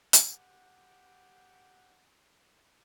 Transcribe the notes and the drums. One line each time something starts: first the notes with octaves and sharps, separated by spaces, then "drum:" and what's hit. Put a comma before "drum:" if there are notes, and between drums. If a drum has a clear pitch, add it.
G4 F#5, drum: hi-hat